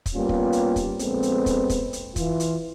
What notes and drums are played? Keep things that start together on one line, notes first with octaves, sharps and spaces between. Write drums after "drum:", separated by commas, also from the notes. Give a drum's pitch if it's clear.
drum: kick, hi-hat
G3 A#3 B3 C#4 F4
drum: kick
drum: hi-hat
drum: kick, hi-hat
A#1 G#3 B3 C4 A4, drum: hi-hat
drum: hi-hat
drum: kick, hi-hat
drum: kick, hi-hat
drum: hi-hat
E3 F4, drum: kick, hi-hat
drum: hi-hat